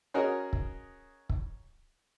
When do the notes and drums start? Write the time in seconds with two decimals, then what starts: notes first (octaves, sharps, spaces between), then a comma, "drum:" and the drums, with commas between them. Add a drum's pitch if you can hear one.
0.14 C#4 F#4 G#4 A#4 D#5
0.53 drum: kick
1.30 drum: kick